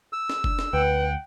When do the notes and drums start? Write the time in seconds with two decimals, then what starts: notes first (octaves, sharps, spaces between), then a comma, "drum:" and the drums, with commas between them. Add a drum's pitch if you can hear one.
0.13 E6
0.30 drum: snare
0.44 D4, drum: kick
0.59 drum: snare
0.73 D2 B4 F#5 G5